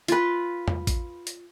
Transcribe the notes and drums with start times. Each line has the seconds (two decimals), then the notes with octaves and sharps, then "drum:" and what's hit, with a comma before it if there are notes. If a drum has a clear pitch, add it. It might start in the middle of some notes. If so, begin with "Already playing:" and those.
0.08 F4 B4, drum: hi-hat
0.68 drum: tom E2
0.87 drum: kick A1, hi-hat
1.27 drum: hi-hat